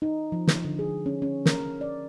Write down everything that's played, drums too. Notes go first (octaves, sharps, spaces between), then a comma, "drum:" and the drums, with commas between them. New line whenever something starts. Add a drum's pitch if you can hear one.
D#4
F3
drum: snare
D3
G#4
C#4
C#4
A#4, drum: snare
D5